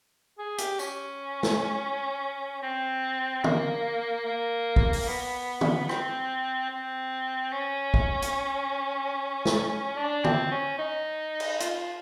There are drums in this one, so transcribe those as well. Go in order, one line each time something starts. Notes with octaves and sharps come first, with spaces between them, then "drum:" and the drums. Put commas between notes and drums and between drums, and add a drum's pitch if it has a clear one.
G#4
G4, drum: hi-hat
C#4, drum: tambourine
drum: snare
C4
A#3, drum: tom D3
A#3
drum: kick
drum: open hi-hat
B3
drum: tom D3
C4, drum: rim click
C4
C#4
drum: kick
drum: hi-hat
drum: snare
D4
C4, drum: tom D3
C#4
D#4
drum: cymbal
F4, drum: hi-hat